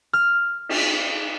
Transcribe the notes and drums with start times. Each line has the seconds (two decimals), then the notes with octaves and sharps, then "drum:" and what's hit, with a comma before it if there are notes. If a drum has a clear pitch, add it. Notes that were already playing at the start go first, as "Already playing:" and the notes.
0.13 F6
0.69 drum: cymbal